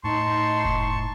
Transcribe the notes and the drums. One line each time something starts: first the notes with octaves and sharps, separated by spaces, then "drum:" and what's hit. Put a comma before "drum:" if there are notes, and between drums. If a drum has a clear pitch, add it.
A2 D#4 A5 C6 C#6
drum: kick F1